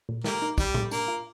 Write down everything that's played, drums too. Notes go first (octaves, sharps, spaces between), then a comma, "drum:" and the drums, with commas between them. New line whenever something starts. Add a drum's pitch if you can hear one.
A#2
G3 A#3 A#4, drum: snare
D#4
G3 D#4, drum: kick, tambourine
A3, drum: tom A2
A#3 D4, drum: tambourine
F4